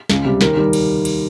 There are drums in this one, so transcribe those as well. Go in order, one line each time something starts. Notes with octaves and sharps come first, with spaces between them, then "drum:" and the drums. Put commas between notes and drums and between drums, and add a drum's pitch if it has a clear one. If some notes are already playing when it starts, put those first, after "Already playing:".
C#2, drum: snare
C3 G3
D#2 A#4, drum: snare
D#3 G3
drum: cymbal
drum: cymbal